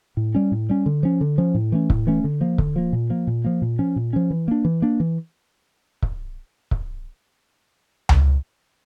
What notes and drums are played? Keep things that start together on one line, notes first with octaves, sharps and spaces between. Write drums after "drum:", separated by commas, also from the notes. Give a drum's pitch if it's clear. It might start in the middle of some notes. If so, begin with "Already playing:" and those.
A2
G3 C#4
A2
G3 C#4
D3
F3 C#4
D3
F3 C#4
A2
E3 A3 C#4
A2, drum: kick C#1
E3 A3 C#4
D3
F3 A#3
D3, drum: kick C#1
F3 A#3
A#2
F3 A#3
A#2
F3 A#3
A#2
F3 C#4
A#2
F3 C#4
E3
A#3 D4
E3
A#3 D4
E3
drum: kick C#1
drum: kick C#1
drum: tom C#2